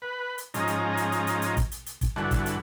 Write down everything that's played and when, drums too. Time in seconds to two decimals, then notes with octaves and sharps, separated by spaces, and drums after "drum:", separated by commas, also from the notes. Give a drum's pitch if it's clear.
0.02 B4
0.38 drum: hi-hat
0.54 G#2 F3 C#4 D#5 A#5, drum: hi-hat
0.67 drum: hi-hat
0.97 drum: hi-hat
1.12 drum: hi-hat
1.27 drum: hi-hat
1.42 drum: hi-hat
1.57 drum: kick, hi-hat
1.72 drum: hi-hat
1.86 drum: hi-hat
2.01 drum: kick, hi-hat
2.16 G2 D3 E3 F#4, drum: rim click
2.31 drum: kick, hi-hat
2.46 drum: hi-hat